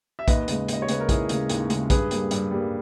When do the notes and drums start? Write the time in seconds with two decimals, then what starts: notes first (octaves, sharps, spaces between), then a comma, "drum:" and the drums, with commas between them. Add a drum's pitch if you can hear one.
0.19 E5
0.28 D#2 B4 D#5, drum: kick A#1, hi-hat
0.48 C#3 G#3, drum: hi-hat
0.68 D#2 D#5, drum: hi-hat
0.82 C#5
0.88 C#3 G#3 B4, drum: hi-hat
1.00 A#4
1.09 D#2 E4 G#4, drum: kick A#1, hi-hat
1.29 C#3 G#3, drum: hi-hat
1.49 D#2, drum: hi-hat
1.70 C#3 G#3, drum: hi-hat
1.90 G2 G#4 B4, drum: kick A#1, hi-hat
2.11 G3 A#3, drum: hi-hat
2.31 G2, drum: hi-hat
2.51 G3 A#3